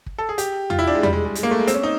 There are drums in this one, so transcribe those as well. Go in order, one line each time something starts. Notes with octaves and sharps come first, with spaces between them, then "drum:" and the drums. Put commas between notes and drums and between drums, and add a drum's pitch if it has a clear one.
drum: kick
A4
G#4
G4, drum: hi-hat
F4, drum: tom E2
E4
D4
G#3
G3, drum: tom E2
G#3
G#3
G#3, drum: hi-hat
A#3
A3
G#3
C4, drum: hi-hat
C#4
D#4